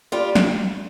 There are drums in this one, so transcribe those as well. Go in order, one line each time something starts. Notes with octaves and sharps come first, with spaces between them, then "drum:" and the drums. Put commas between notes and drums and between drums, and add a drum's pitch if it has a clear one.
G3 F4
drum: snare